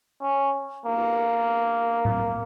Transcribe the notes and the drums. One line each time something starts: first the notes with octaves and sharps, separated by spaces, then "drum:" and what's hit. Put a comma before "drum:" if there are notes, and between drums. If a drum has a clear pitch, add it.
C#4
A#3, drum: cymbal
drum: tom A2